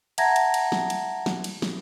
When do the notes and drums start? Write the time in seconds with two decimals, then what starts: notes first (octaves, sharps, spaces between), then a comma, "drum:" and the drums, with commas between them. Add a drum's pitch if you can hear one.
0.18 E5 F#5 A5 A#5 G#6 A#6, drum: cymbal
0.36 drum: cymbal
0.54 drum: cymbal
0.72 drum: snare
0.90 drum: cymbal
1.26 drum: snare
1.44 drum: cymbal
1.62 drum: snare